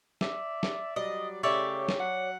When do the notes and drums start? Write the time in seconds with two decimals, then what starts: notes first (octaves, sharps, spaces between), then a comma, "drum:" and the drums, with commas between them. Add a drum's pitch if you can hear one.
0.21 D5 E5, drum: snare
0.63 drum: snare
0.96 F#3 G3 D5 D#5
1.43 C#3 A3 G4 C#5 D5 E5
1.89 drum: snare
2.00 F#3 F#5